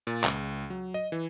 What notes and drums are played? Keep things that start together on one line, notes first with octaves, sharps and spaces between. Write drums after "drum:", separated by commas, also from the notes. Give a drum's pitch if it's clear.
A#2
C#2, drum: clap
F#3
D#5
E3